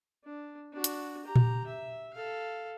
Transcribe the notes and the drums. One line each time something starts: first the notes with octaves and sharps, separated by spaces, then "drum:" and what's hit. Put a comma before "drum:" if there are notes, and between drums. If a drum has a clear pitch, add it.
D4
D4 F#4
drum: hi-hat
G4 A#5
drum: tom A#2
E5
A4 F5